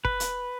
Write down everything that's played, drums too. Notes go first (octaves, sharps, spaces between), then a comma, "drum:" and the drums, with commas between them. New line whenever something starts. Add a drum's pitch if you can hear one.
B4, drum: kick
drum: hi-hat